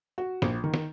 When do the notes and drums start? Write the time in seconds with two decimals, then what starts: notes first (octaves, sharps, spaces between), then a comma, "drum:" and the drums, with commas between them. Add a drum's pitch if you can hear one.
0.18 F#4
0.42 A#1, drum: snare
0.64 D#3
0.74 drum: snare